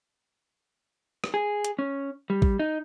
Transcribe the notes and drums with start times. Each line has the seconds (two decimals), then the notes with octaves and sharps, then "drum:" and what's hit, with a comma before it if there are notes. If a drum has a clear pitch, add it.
1.24 drum: rim click
1.34 G#4
1.65 drum: hi-hat
1.79 C#4
2.30 G3
2.42 drum: kick A1
2.59 D#4